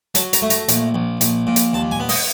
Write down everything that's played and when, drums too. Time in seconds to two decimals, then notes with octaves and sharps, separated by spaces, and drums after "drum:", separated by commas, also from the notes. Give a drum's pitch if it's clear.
0.15 F#3 A5, drum: hi-hat
0.33 A#5, drum: hi-hat
0.42 A3
0.50 A#5, drum: hi-hat
0.68 A#1, drum: hi-hat
0.94 A#1
1.21 A#1, drum: hi-hat
1.47 A#2
1.56 drum: hi-hat
1.73 D#2 A5
1.91 G#5
2.00 B3
2.09 D#5, drum: open hi-hat